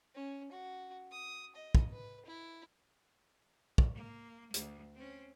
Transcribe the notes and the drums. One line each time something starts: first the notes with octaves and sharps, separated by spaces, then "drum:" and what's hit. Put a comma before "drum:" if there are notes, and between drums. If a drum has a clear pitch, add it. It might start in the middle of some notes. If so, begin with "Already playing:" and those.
C#4
F#4
D#6
D#5
drum: kick
B4
E4
drum: kick
A#3
D2, drum: hi-hat
C4 C#4